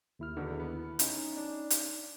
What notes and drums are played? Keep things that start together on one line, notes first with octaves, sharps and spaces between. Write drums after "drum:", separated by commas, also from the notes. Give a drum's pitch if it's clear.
D#2 E4 F6
E2 B2 D3
B3
C#4 D#4, drum: hi-hat
D4
drum: hi-hat